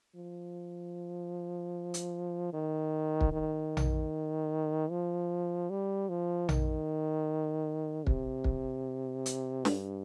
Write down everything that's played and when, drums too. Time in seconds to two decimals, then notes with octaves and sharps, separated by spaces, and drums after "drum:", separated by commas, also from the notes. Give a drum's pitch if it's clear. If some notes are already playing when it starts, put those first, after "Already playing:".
0.15 F3
1.94 drum: hi-hat
2.53 D#3
3.21 drum: kick
3.32 D#3
3.77 drum: tom A#1
4.90 F3
5.70 G3
6.09 F3
6.49 D#3, drum: tom A#1
8.07 C3, drum: kick
8.44 drum: kick
9.26 drum: hi-hat
9.65 G2, drum: snare